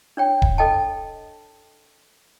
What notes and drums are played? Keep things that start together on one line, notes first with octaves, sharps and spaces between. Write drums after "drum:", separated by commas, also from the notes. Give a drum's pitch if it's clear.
D4 C#5 G5
drum: kick D#1
A4 D#5 G5 A5